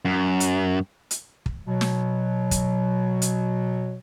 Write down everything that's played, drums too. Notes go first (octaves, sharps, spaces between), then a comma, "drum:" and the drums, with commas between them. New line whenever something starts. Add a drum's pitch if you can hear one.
F#2
drum: hi-hat
drum: hi-hat
drum: kick
B2 F#3
drum: snare
drum: kick, hi-hat
drum: hi-hat